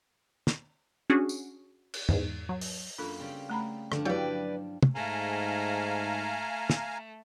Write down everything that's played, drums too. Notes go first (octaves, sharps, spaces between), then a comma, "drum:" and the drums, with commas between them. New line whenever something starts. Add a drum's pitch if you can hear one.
drum: snare
C#4 D4 F#4 G#4
drum: tambourine
drum: cymbal
E2 G#2, drum: tom
F#3
drum: open hi-hat
F#2 A#3 D4 F4 A4
C#3 G3 C4
A3 A#5 B5
G2 D3 F3 D4, drum: rim click
F#3 E4 G4 B4 D5 F5 G5
drum: tom
G#2 A3 F5 G#5 A#5
drum: snare